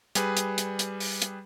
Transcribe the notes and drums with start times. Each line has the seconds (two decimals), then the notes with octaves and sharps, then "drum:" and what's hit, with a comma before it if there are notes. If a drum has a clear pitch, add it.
0.15 G3 G#4 B4, drum: hi-hat
0.37 drum: hi-hat
0.58 drum: hi-hat
0.79 drum: hi-hat
1.00 drum: open hi-hat
1.22 drum: hi-hat